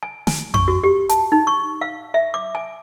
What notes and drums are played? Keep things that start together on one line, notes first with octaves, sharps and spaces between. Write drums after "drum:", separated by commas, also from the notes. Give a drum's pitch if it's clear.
G#5
G#5, drum: snare
C#6, drum: tom F2
F#4
G4
A5, drum: hi-hat
D#4
C#6
F5
E5
D6
G#5